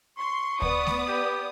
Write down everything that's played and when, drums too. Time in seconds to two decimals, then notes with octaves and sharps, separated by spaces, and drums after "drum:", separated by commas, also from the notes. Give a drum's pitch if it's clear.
0.18 C6 C#6
0.62 B3 D5 D#6, drum: kick D2
0.86 drum: snare A3
1.08 G4